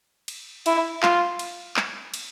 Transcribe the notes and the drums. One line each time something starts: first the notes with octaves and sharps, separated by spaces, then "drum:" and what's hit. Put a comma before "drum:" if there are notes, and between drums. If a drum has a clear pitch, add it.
drum: cymbal
E4, drum: cymbal
F4, drum: clap
drum: cymbal
drum: clap
drum: cymbal